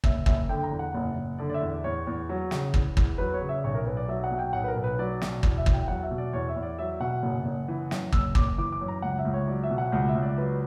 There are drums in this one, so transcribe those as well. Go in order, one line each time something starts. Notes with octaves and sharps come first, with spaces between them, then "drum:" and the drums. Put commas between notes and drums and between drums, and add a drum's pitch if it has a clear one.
F#1 E5, drum: kick
F#1 E5, drum: kick
D3 G5
A#5
E2
F#5
F#1
F#1
D3 D5
D5
E5
E2
D5
E2 C#5
E2
F#3
C#3, drum: snare
E2, drum: kick
E2, drum: kick
F#3 B4
C#5
C#3
E5
D5
B1 C#5
A#4
B1 B4
D5
F#3 E5
F#5
B2
G5
B1 F#5
B4
A#4
B1
B4
F#3 D5
B2, drum: snare
E2 D5, drum: kick
E5
E2, drum: kick
G5
F#3 F#5
E5
B2
D5
E2 C#5
E5
E2
D5
F#3 E5
B2 F#5
F#1
F#1
E3
F#2, drum: snare
F#1 E6, drum: kick
F#1 D6, drum: kick
E3 D6
D6
F#2
A#5
C#2 F#5
E5
C#2
C#5
F#3 D5
E5
B2
F#5
C#2 F#5
E5
C#2
D5
F#3 B4